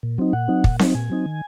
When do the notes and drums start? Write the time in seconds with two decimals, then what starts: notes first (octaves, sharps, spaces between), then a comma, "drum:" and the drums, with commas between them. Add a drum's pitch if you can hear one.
0.03 A#2
0.18 F#3 C4 D#4
0.33 A#2 F#5
0.48 F#3 C4 D#4
0.64 A#2, drum: kick
0.79 F#3 C4 D#4, drum: snare C4
0.95 A#2 G#5
1.10 F#3 C4 D#4
1.26 D#3